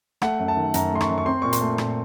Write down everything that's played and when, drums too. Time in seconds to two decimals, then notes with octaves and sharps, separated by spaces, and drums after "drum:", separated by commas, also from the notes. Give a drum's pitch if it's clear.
0.22 A3 F#5, drum: rim click
0.39 F#2
0.48 A5
0.57 D#3
0.74 F#2 A#5, drum: hi-hat
0.92 A3 C6
1.01 C#6, drum: rim click
1.09 F#2
1.18 C#6
1.26 C4 C6
1.42 A#2 C#6
1.53 C6, drum: hi-hat
1.61 A3
1.78 A#2, drum: rim click